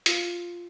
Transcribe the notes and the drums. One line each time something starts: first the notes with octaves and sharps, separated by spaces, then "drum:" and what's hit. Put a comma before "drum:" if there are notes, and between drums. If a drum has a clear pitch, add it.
F4, drum: hi-hat